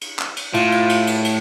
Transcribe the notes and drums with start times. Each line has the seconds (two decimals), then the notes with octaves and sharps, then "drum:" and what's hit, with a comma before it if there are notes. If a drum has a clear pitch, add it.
0.01 drum: cymbal
0.19 drum: clap
0.37 drum: cymbal
0.54 A2 F4, drum: cymbal
0.72 drum: cymbal
0.89 drum: cymbal
1.07 drum: cymbal
1.25 drum: cymbal